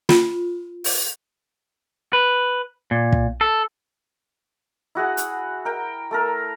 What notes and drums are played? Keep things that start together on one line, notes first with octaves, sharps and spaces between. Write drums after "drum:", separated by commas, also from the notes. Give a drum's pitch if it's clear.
F4, drum: snare
drum: open hi-hat
B4
A#2
drum: kick
A4
E4 F#4 G#4 F#5
drum: hi-hat
A#4 G5
A3 A4 A#4